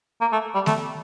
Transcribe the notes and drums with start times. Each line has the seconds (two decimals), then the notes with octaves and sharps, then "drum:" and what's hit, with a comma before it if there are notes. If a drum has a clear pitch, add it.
0.21 A#3
0.32 A3
0.55 G3
0.66 A3, drum: snare A3